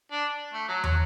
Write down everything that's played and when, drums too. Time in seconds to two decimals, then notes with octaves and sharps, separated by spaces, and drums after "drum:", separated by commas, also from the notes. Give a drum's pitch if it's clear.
0.12 D4
0.53 A3
0.68 F#3
0.84 F#3, drum: tom